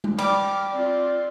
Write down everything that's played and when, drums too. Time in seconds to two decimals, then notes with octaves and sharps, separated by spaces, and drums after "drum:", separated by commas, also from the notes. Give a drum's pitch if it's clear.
0.04 drum: tom G3
0.18 G3 D6 F6, drum: cymbal
0.72 C4 F4 D5